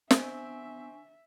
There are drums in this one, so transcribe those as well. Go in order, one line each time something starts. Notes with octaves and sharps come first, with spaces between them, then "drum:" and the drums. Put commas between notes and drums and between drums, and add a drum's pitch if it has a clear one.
B3 C4 D4 E5 G#5 C#6, drum: snare